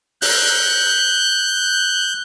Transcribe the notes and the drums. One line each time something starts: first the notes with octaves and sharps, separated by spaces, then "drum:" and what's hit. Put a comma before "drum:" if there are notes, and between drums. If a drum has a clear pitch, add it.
F#6 G6, drum: open hi-hat